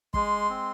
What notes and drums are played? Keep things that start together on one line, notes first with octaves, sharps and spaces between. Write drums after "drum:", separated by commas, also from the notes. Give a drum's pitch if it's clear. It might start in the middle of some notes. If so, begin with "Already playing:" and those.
G#3 C6, drum: kick
C4